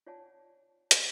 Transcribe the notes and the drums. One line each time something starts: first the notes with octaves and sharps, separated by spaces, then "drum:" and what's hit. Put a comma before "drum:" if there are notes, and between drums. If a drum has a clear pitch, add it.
F4 C#5 D5 F#5 G#5 A5
drum: hi-hat